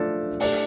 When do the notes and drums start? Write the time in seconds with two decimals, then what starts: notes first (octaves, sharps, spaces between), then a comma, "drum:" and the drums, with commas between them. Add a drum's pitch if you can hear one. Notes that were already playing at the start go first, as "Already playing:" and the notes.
Already playing: F3 A3 D4 A4
0.40 A3 D4 G4 D5, drum: open hi-hat